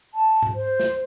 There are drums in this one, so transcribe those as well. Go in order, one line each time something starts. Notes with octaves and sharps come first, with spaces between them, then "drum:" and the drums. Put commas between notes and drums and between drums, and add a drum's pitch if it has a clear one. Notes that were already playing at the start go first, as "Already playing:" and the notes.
A5
drum: tom G#2
C5
drum: snare